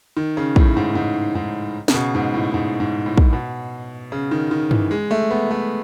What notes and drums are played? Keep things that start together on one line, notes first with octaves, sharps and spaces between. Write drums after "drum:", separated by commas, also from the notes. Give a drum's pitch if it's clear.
D#3
C#3
A2, drum: kick
G#2
G#2
G#2
C#3, drum: snare
B2
G#2
A2
G#2
G#2
A2
drum: kick
B2
C#3
D#3
D#3
E3, drum: tom G2
G#3
A3
B3
A3